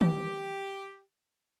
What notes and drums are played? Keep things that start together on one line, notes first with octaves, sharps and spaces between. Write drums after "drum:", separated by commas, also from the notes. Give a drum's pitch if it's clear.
G4, drum: tom D#3